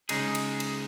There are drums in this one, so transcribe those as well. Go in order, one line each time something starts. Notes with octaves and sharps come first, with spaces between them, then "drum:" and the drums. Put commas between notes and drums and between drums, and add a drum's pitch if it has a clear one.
C#3 G#3 D#4 G#4, drum: cymbal
drum: cymbal
drum: cymbal